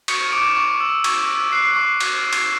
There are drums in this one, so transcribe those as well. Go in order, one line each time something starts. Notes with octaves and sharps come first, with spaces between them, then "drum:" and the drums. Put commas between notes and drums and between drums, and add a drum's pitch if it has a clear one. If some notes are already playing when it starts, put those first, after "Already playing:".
C#6 D#6 C#7, drum: cymbal
D6 D#6 D7
C#6
E6
C#6, drum: cymbal
E6
F#6 C7
C#6 C7
drum: cymbal
drum: cymbal